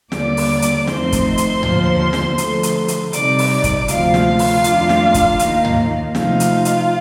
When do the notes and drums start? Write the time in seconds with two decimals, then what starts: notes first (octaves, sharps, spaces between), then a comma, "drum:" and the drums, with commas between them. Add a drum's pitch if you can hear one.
0.12 D#2 D3 G3 A#3 D5 D6, drum: snare
0.37 drum: open hi-hat
0.62 drum: hi-hat
0.87 F2 D#3 A3 C4 D#4 C5 C6, drum: snare
1.12 drum: kick, hi-hat
1.38 drum: hi-hat
1.63 D#2 D3 F3, drum: tom
2.13 drum: snare
2.38 D3 F3 A3, drum: hi-hat
2.63 drum: hi-hat
2.88 drum: hi-hat
3.13 C3 G3 C4 D#4 D5 D6, drum: hi-hat
3.38 drum: open hi-hat
3.51 D5 D6
3.64 drum: kick, hi-hat
3.88 D2 C3 F3 F4 F5, drum: hi-hat
4.14 drum: snare
4.39 drum: open hi-hat
4.64 F2 D#3 A3 D4, drum: hi-hat
4.89 drum: snare
5.14 drum: kick, hi-hat
5.39 D#2 D#3 A#3 D#4, drum: hi-hat
5.65 drum: tom
6.15 C3 F3 A3 D#4 F4 F5, drum: snare
6.40 drum: hi-hat
6.65 drum: hi-hat